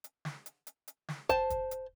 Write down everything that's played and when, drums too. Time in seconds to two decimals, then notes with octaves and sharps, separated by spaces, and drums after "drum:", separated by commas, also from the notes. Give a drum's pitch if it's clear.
0.04 drum: hi-hat
0.25 drum: snare
0.46 drum: hi-hat
0.67 drum: hi-hat
0.88 drum: hi-hat
1.08 drum: snare
1.29 C5 A5, drum: kick, hi-hat
1.50 drum: kick, hi-hat
1.71 drum: hi-hat